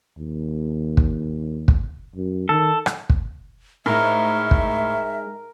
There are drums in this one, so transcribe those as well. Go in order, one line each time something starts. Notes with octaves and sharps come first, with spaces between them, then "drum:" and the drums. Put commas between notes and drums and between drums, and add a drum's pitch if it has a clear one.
D#2
drum: kick
drum: kick
F#2
D#3 A4
drum: rim click
drum: kick
A2 G#3 D#4 A#4 E5
drum: kick